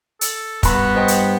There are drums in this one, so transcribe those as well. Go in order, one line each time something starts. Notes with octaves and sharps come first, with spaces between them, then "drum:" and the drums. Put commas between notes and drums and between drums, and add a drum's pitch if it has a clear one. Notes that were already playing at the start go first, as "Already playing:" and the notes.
A4, drum: hi-hat
G2 B3 F#4 A#5 B5, drum: kick, hi-hat
C5 D#5 G5
drum: hi-hat